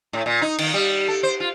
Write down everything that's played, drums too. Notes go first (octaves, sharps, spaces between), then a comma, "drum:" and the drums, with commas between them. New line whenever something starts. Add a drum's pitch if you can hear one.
A2
A#2
D#4
D#3, drum: cymbal
G3
A4
C5
F4